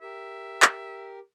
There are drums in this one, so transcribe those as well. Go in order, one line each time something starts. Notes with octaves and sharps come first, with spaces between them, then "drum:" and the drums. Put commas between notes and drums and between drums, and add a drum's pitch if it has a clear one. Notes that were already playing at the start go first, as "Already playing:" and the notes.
G4 A#4 E5
drum: clap